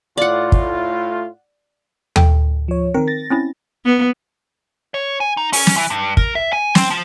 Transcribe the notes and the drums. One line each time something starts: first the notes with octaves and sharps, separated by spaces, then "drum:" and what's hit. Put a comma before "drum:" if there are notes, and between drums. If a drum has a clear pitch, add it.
A2 F4 D5 F#5
drum: kick
A4 G5, drum: tom
F3 C#5
D#3 C4 A#4
A6 A#6
C4 C#4 E4
B3
C#5
G#5
D#4
C#4, drum: open hi-hat
drum: snare
E3
G2
A#4, drum: kick
E5
G#5
C4, drum: snare
F3